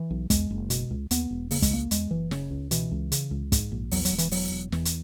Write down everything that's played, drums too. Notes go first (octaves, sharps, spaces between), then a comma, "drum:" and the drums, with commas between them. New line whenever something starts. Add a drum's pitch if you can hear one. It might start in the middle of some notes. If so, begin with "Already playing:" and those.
Already playing: E3
B1
E2 G#3, drum: kick, hi-hat
F#1
B2, drum: hi-hat
C#2
D#2 B3, drum: hi-hat
E1
C#3 A#3, drum: open hi-hat
G#3, drum: kick, hi-hat
C#2 A#3
E2 G#3, drum: hi-hat
F#1 E3
C#3, drum: snare
C#2
B2 E3, drum: hi-hat
C#2
C#3, drum: hi-hat
C#2
G#2, drum: kick, hi-hat
A#1
E2 F#3, drum: open hi-hat
F#3, drum: hi-hat
E1
E3, drum: hi-hat
E2 F#3, drum: open hi-hat
E1
E2 E3, drum: snare
drum: hi-hat